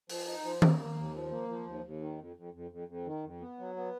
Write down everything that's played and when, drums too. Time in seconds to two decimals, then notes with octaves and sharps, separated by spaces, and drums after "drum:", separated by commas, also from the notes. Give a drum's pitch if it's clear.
0.09 F3, drum: open hi-hat
0.26 D#4
0.44 F3
0.62 A#3, drum: tom D#3
0.79 A#3
0.96 D#2
1.14 F3
1.31 A#3
1.48 F3
1.66 D#2
1.84 D#2
2.01 D#3
2.19 F2
2.36 F2
2.53 F2
2.71 F2
2.88 F2
3.06 D#3
3.24 F2
3.40 B3
3.59 F#3
3.76 B3